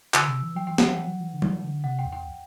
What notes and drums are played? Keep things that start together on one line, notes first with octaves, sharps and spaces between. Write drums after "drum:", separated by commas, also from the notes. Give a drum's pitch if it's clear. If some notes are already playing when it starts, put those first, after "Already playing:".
D3 E6, drum: clap
C3
E3
F#3 G5
E3 G5
F#5, drum: snare
F#3
F#5
E3
F#3
E3
D3
E3, drum: tom F#3
D3
C3 F#5
G5
E2
G5